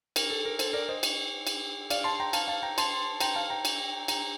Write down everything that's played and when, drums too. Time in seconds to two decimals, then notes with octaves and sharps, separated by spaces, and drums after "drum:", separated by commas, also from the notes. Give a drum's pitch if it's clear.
0.16 A#4, drum: cymbal
0.30 A4
0.45 A#4
0.59 A4 C5, drum: cymbal
0.73 A#4 D5
0.89 C5 D#5
1.03 drum: cymbal
1.47 drum: cymbal
1.90 D5 F5, drum: cymbal
2.04 A5 C6
2.20 G5 A#5
2.33 F5 A5, drum: cymbal
2.48 F5 A5
2.63 G5 A#5
2.78 A5 C6, drum: cymbal
3.20 G5 A#5, drum: cymbal
3.35 F5 A5
3.50 G5 A#5
3.65 drum: cymbal
4.08 G5 A#5, drum: cymbal